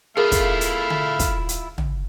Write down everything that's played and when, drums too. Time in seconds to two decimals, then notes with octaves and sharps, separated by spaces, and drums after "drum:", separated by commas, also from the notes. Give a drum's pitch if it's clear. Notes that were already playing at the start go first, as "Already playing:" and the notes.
0.17 A3 E4 F4 G#4 A#4 F5
0.32 drum: kick, hi-hat
0.61 drum: hi-hat
0.90 drum: tom D3
1.19 drum: kick, hi-hat
1.49 drum: hi-hat
1.78 drum: tom